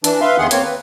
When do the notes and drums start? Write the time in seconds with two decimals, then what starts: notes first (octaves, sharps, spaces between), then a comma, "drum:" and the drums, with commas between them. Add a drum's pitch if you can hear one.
0.04 E3 D4, drum: hi-hat
0.21 B4 E5 F5 C6
0.38 E2 D#3 G#4 F#5 C6
0.51 A#3 C4 C#5, drum: hi-hat
0.64 B4